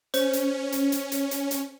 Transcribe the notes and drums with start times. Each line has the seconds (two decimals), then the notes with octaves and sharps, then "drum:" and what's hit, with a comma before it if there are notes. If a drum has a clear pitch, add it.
0.14 C#4 C5, drum: hi-hat
0.33 drum: hi-hat
0.72 drum: hi-hat
0.92 drum: hi-hat
1.12 drum: hi-hat
1.31 drum: hi-hat
1.51 drum: hi-hat